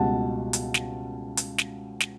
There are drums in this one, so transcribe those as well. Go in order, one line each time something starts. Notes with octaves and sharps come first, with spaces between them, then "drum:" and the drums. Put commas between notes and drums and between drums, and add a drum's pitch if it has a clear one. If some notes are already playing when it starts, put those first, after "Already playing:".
Already playing: C#2 B2 G3 F#5 A5
drum: hi-hat
drum: snare
drum: hi-hat
drum: snare
drum: snare